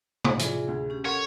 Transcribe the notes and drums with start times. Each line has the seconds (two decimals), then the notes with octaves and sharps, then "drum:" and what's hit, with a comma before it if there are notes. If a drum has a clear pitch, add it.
0.24 drum: tom C3
0.39 E3 F4 G#4 D5, drum: hi-hat
0.68 D2 G#4
0.90 C#4 G4
1.05 A4 A#4 C#5 F#5 C6